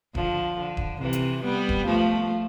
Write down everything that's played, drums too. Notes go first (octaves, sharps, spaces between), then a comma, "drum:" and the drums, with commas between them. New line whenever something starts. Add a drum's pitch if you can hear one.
D3 F3, drum: kick D#1
D3
drum: kick D#1
C3 E3
drum: hi-hat
G3 B3
drum: kick D#1
F3 A3